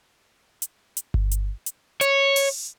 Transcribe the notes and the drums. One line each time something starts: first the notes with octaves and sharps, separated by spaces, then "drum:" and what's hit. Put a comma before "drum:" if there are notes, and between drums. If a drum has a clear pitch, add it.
drum: hi-hat
drum: hi-hat
drum: kick G1
drum: hi-hat
drum: hi-hat
C#5, drum: hi-hat
drum: open hi-hat